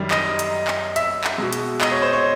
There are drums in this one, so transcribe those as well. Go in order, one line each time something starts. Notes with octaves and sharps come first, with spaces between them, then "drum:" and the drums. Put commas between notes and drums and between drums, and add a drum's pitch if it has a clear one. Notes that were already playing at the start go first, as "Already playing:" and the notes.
Already playing: F#2 D#3 G3
D#5, drum: clap
drum: hi-hat
drum: clap
E5, drum: hi-hat
drum: clap
B2 G#3
drum: hi-hat
D#5, drum: clap
C#5
C5
C#5